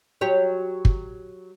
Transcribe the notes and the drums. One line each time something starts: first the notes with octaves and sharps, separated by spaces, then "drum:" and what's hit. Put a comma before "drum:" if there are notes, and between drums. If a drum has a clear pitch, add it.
F#3 G4 C#5
drum: kick